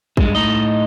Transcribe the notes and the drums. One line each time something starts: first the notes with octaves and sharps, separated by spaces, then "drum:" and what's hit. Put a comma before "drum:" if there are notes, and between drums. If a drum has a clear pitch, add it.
G2 G#3, drum: kick
A2 D#4 D#5